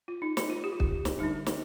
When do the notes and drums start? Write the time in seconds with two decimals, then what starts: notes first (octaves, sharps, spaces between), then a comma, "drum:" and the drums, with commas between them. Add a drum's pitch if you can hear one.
0.08 F4
0.22 D#4
0.37 D#4, drum: snare
0.50 F4
0.64 G4
0.72 F4
0.80 G4, drum: kick
1.05 drum: snare
1.19 D3 G3 D4 D#4
1.46 drum: snare